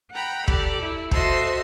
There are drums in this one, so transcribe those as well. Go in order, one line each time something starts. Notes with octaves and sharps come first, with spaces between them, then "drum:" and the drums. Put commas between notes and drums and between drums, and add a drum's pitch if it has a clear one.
F#5 G5 A#5 B5
G4 A4 D5, drum: kick
E4
F#4 A4 C5 D#5 E5 C6, drum: kick